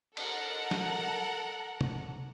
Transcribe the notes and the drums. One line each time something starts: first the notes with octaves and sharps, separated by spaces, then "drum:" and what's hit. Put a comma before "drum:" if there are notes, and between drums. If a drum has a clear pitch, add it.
A4 A#4 F#5, drum: cymbal
drum: snare
drum: tom